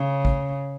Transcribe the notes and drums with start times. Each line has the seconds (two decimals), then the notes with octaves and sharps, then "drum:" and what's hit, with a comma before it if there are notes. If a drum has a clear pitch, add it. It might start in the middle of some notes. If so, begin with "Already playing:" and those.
Already playing: C#3
0.25 drum: kick